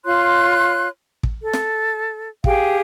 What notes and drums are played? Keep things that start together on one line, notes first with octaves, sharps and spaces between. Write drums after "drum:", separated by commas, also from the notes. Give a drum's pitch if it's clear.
F4 C#5 C6 F#6
drum: kick
A4
drum: snare
G4 G#4 F5 G5, drum: kick